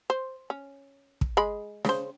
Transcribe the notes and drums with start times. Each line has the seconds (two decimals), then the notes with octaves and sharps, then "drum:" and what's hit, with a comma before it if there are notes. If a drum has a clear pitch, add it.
0.10 C5
0.50 C#4
1.21 drum: kick
1.37 G#3 G#4 B5
1.85 C#3 C5, drum: snare